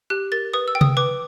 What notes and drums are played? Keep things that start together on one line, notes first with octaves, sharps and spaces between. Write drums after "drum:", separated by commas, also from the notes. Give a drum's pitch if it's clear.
G4 F#6
A#4 A6
B4 D#6
E6
G5
D#6, drum: tom C3
B4 D6